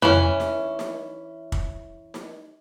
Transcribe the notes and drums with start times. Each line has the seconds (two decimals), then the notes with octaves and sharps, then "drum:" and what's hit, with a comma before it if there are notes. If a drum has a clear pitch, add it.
0.02 E3 C#4, drum: tom F2
0.40 drum: snare D#4
0.79 drum: snare D#4
1.52 drum: kick
2.14 drum: snare D#4